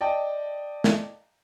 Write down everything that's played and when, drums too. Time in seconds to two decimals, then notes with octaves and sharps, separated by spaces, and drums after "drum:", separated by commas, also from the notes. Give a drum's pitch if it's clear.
0.01 D5 D#5 G5 A5
0.84 drum: snare